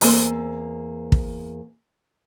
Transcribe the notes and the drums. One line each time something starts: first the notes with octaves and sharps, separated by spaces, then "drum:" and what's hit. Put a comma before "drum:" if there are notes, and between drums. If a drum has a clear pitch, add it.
E2 A#3 C4 C5, drum: open hi-hat
drum: kick